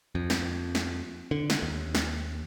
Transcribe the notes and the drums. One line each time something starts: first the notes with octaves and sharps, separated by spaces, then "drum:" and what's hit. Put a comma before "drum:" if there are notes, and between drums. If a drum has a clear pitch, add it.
F2
drum: snare
drum: snare
D3
drum: snare
D#2
drum: snare